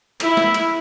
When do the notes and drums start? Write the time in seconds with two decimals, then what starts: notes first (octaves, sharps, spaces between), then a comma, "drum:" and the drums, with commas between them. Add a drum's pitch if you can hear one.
0.20 E4, drum: cymbal
0.37 drum: snare
0.54 drum: cymbal